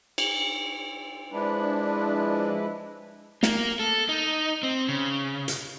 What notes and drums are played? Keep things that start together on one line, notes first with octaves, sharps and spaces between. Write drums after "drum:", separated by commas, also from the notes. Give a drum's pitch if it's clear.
drum: cymbal
F3 G#3 D4 E4 B4
A#3, drum: snare
A4
D#4
C4
C#3
drum: hi-hat